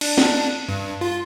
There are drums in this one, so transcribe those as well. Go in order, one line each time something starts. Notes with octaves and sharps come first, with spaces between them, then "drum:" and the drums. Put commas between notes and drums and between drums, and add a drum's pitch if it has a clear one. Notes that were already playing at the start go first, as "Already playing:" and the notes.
D4, drum: cymbal
drum: snare
G2
F4